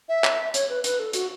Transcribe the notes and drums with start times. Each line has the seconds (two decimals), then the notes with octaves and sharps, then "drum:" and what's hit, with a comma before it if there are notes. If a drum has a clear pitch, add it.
0.09 E5
0.24 drum: clap
0.54 C#5, drum: hi-hat
0.69 B4
0.84 B4, drum: hi-hat
1.00 A4
1.13 F#4, drum: hi-hat